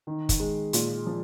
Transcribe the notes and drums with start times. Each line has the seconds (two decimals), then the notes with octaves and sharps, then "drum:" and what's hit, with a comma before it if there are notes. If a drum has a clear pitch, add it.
0.07 D#3
0.29 drum: kick, hi-hat
0.40 G#3
0.73 A#2, drum: hi-hat
1.06 F3